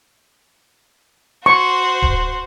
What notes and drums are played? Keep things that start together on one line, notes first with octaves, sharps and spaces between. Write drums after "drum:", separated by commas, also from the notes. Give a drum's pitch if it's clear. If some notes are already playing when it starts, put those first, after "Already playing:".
F#4 C5 C#6
drum: kick D1